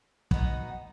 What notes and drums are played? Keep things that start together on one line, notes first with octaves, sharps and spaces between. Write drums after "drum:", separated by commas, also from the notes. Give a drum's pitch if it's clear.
B3 D#4 F#4, drum: kick